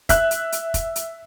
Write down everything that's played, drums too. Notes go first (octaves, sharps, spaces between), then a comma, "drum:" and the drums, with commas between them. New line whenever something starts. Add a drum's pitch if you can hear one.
E5 F#6, drum: kick F1, hi-hat
drum: hi-hat
drum: hi-hat
drum: kick F1, hi-hat
drum: hi-hat